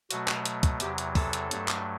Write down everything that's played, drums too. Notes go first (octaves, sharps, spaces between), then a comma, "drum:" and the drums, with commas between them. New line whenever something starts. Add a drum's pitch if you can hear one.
B2 F#3 A3 F#4, drum: hi-hat
drum: clap
drum: hi-hat
drum: kick, hi-hat
E2 C3 F#3 G4, drum: hi-hat
drum: hi-hat
A4, drum: kick, open hi-hat
drum: hi-hat
G2 F#3 A3, drum: hi-hat
drum: clap